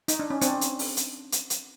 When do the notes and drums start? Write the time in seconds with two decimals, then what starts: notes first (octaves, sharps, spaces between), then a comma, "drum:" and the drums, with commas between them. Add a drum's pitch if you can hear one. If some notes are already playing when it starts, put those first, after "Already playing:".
0.08 D#4, drum: hi-hat
0.19 D4
0.30 C#4
0.41 C4 D4, drum: hi-hat
0.61 drum: hi-hat
0.79 drum: open hi-hat
0.97 drum: hi-hat
1.32 drum: hi-hat
1.50 drum: hi-hat